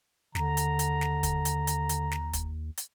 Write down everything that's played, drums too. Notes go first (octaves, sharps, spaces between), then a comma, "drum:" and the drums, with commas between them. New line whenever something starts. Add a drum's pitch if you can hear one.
D#2 D3 A#5, drum: snare
drum: hi-hat
drum: hi-hat
drum: snare
drum: kick, hi-hat
drum: hi-hat
drum: hi-hat
drum: hi-hat
drum: snare
drum: kick, hi-hat
drum: hi-hat